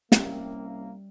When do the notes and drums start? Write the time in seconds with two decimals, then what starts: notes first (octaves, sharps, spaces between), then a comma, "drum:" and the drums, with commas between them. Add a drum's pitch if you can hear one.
0.12 C2 G3 A#3 C#4 E5, drum: snare